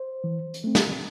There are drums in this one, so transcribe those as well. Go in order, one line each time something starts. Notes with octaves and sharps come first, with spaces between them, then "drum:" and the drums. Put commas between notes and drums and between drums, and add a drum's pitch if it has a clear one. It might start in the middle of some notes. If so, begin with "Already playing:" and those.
Already playing: C5
E3
drum: hi-hat
A3 C4
drum: snare